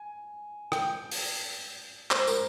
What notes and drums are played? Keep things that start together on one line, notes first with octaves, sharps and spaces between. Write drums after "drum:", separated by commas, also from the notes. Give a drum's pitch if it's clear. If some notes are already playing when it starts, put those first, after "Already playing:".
Already playing: G#5
G5, drum: rim click
drum: open hi-hat
C5, drum: clap
A#4, drum: tambourine